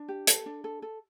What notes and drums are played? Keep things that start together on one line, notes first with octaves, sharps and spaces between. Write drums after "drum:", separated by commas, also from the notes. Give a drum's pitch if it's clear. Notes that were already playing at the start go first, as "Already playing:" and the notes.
Already playing: D4
G4
A4, drum: hi-hat
D4
A4
A4